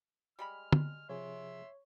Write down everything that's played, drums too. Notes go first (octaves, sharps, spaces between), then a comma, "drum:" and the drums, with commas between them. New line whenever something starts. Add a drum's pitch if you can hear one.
G3 G#3 B5 F6
drum: tom
C3 F3 G#4 C#5 E5 C6